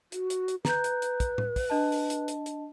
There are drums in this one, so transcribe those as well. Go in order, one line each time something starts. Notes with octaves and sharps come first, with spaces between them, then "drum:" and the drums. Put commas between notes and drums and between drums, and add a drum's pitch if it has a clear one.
F#4, drum: hi-hat
drum: hi-hat
drum: hi-hat
B4 A#5 G6, drum: snare
drum: hi-hat
drum: hi-hat
drum: kick, hi-hat
drum: tom A2
drum: kick, open hi-hat
D4 D#5 A5
drum: open hi-hat
drum: hi-hat
drum: hi-hat
drum: hi-hat